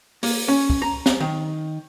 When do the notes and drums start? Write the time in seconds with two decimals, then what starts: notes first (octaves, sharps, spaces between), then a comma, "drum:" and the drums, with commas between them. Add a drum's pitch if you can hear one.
0.23 A#3, drum: open hi-hat
0.48 C#4
0.70 drum: kick
0.82 A#5
1.06 drum: snare C4
1.20 D#3